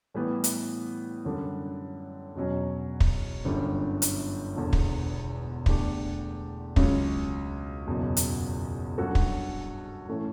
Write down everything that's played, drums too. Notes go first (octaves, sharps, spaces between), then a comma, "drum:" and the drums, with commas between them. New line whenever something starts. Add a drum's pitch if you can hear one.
A2 E3 G3 B3
drum: hi-hat
F#2 D3 G3
E2 B2 F#3 C#4
drum: kick
G1 F#2 D3 G3
drum: hi-hat
E1 E2 D3
drum: kick
E2 D3 A3 D4 G4, drum: kick
C#2 C#3 F#3 C#4, drum: kick
F#1 E2 B2 F#3
drum: hi-hat
G2 F#3 C#4 F#4 A4
drum: kick
A2 E3 A3 C#4